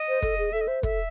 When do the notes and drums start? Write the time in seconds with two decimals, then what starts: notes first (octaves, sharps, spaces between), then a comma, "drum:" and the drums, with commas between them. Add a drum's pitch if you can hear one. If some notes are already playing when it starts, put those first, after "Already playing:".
Already playing: D#5
0.09 C5
0.22 A4, drum: kick
0.38 G#4
0.53 A4 E5
0.61 D#5
0.67 C5 E5
0.83 A4 E5, drum: kick